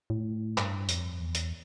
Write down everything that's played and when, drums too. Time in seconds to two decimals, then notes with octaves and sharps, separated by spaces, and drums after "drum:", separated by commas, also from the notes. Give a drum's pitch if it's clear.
0.10 A2
0.58 G2, drum: clap
0.89 F2, drum: hi-hat
1.20 E2
1.35 drum: hi-hat